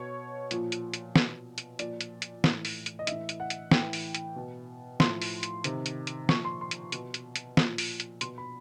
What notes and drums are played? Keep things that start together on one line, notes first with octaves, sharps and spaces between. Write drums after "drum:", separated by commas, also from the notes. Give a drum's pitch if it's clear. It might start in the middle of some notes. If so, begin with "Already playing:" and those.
Already playing: B2 C#5
A#2 F3, drum: hi-hat
drum: hi-hat
drum: hi-hat
B2, drum: snare
drum: hi-hat
A#2 F3 D5, drum: hi-hat
drum: hi-hat
drum: hi-hat
A2 E3, drum: snare
drum: open hi-hat
drum: hi-hat
D#5
A2 E3 E5, drum: hi-hat
drum: hi-hat
F#5
drum: hi-hat
A2 E3 G5, drum: snare
drum: open hi-hat
drum: hi-hat
B2
A2 F3 C6, drum: snare
drum: open hi-hat
drum: hi-hat
C3 D#3, drum: hi-hat
drum: hi-hat
drum: hi-hat
A#2 F3 C#6, drum: snare
C6
C6
drum: hi-hat
B2, drum: hi-hat
drum: hi-hat
drum: hi-hat
A#2 F3, drum: snare
drum: open hi-hat
drum: hi-hat
B2 C6, drum: hi-hat
B5